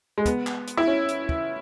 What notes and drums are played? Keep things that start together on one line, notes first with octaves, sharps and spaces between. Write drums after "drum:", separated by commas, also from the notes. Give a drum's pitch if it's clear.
G#3
B3, drum: kick, hi-hat
drum: clap
drum: hi-hat
E4
C#4
drum: hi-hat
drum: kick